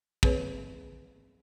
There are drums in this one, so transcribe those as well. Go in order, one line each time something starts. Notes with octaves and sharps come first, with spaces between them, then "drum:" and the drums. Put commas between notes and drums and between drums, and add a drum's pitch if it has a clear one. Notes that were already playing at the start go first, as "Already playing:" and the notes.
C4 G#4 B4 C#5, drum: kick